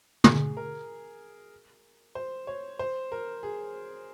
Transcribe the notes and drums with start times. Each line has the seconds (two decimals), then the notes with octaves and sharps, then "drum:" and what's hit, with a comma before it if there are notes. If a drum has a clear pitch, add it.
0.24 G#4, drum: tom
0.57 A#4
2.15 C5
2.47 C#5
2.79 C5
3.12 A#4
3.43 G#4